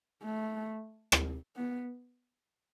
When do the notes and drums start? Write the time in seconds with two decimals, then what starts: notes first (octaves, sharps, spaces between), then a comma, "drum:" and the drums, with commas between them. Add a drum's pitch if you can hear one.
0.24 A3
1.12 drum: rim click
1.56 B3